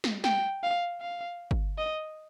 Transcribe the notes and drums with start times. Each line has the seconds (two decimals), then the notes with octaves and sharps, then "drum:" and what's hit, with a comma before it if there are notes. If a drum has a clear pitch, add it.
0.04 drum: snare
0.24 G5, drum: snare
0.63 F5
1.01 F5
1.51 drum: kick G1
1.78 D#5